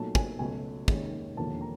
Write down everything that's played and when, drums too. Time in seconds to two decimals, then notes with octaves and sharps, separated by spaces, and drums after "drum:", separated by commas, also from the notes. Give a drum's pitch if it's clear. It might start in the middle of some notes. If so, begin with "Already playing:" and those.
Already playing: B1 A#2 F#3 A3 A5
0.15 G#5, drum: kick
0.39 C#2 B2 F#3 A3 G#5
0.88 F1 D#2 D#3 G#3 C#4, drum: kick
1.37 E1 D#2 D3 F3 A#3 A5
1.61 A#5